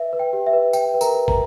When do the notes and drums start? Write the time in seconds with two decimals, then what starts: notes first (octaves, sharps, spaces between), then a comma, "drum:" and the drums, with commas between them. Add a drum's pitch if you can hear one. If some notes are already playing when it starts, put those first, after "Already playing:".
Already playing: B4 E5
0.13 B4
0.19 G5
0.33 G4
0.46 E5
0.53 B4
0.73 B4 G5, drum: tambourine
0.94 B4
1.01 A#4 A#5, drum: tambourine
1.15 B4
1.28 A#4 A#5, drum: kick